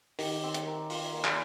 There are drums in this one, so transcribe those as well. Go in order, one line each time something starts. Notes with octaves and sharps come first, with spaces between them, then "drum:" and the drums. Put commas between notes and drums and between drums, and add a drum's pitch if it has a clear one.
D#3 G4, drum: open hi-hat
C4
drum: hi-hat
A#4
F4, drum: open hi-hat
A#3
drum: clap